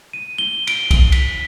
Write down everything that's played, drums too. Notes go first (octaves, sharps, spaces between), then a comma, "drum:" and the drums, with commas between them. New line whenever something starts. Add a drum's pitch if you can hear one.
D#7
G7
D7, drum: cymbal
drum: kick, cymbal
B6, drum: cymbal